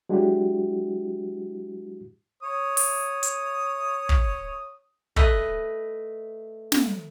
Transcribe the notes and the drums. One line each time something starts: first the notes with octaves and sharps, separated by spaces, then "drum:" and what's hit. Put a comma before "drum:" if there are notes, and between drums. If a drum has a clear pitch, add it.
F#3 G#3 D4 E4 F#4 G4
C#5 D#6
drum: open hi-hat
drum: hi-hat
drum: kick
A3 B4 D#5, drum: kick
drum: snare